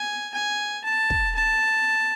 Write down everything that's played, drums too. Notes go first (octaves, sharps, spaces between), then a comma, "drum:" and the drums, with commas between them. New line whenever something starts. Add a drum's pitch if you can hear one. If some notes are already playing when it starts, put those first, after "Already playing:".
Already playing: G#5
G#5
A5
drum: kick
A5